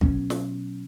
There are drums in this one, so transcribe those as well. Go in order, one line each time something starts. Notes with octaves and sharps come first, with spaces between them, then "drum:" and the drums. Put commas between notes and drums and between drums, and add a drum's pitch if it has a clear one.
B2 F#3 B3 C#4, drum: kick
drum: snare